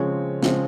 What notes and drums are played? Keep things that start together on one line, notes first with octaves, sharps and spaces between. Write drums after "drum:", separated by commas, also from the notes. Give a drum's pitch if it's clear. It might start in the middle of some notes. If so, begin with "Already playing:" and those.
Already playing: C#3 F3 G#3 C4 C#5
C#3 F3 G#3 C4, drum: snare